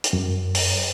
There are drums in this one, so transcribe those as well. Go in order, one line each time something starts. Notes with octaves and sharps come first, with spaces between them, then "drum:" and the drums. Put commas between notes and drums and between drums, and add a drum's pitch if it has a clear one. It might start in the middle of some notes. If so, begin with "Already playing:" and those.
drum: hi-hat
F#2
drum: open hi-hat